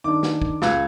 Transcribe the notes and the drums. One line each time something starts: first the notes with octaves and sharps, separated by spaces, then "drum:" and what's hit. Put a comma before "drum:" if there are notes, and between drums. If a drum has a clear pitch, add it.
D#3 D4 D6
drum: snare
drum: kick
C#2 E6 F#6 G#6, drum: snare